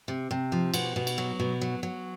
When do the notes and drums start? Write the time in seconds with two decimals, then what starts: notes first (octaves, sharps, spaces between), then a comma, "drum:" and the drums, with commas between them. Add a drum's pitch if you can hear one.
0.08 C3
0.31 C3
0.52 F3
0.74 B2 F#5, drum: cymbal
0.96 B2
1.07 drum: cymbal
1.18 F#3
1.40 B2
1.61 F#3
1.83 F#3